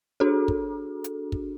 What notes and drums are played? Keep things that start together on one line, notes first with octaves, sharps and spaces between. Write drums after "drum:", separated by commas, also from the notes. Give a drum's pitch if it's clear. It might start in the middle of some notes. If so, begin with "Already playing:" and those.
D4 F#4 G#4 A4
drum: kick
drum: hi-hat
drum: kick